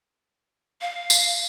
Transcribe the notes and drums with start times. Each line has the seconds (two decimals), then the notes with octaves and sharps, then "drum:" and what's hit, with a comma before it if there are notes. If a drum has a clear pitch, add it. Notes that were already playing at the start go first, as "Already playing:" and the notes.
0.81 F5
1.10 drum: tambourine